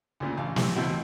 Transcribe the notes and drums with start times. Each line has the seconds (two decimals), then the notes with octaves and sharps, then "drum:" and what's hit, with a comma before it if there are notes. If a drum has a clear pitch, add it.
0.20 D2 A#2 C#3
0.37 A1 F5
0.56 A2 C3, drum: snare
0.76 E2 B2 C4 E4 F#4 G5